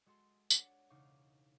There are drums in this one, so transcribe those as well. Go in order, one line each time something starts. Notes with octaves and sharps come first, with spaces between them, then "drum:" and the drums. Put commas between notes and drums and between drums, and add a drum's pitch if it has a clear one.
G#3 F#4 A4 C6
D4 C#5 F#5, drum: tambourine
E1 C#3 D#4 F5 C#6 D6